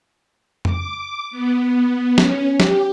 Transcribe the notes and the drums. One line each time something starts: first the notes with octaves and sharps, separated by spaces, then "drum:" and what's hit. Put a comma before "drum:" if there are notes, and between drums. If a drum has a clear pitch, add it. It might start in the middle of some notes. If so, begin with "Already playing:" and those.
D6, drum: tom F2
B3
C#4, drum: snare
G4, drum: snare